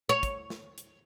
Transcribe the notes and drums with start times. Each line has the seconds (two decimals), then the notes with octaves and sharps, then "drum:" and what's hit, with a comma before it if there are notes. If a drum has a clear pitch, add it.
0.09 C#5
0.23 drum: kick, hi-hat
0.50 drum: snare
0.78 drum: hi-hat